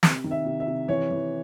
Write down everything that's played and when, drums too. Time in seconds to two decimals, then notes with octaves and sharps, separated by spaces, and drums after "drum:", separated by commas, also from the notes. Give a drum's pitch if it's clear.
0.03 C3, drum: snare
0.24 D#3
0.31 E5
0.45 C3
0.60 E5
0.67 C3
0.88 E3 C#5
1.11 E3